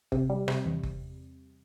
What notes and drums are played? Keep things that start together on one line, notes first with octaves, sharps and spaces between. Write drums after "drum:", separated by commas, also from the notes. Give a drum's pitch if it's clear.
C3, drum: kick F#1
G3
C3, drum: rim click
E2
drum: kick F#1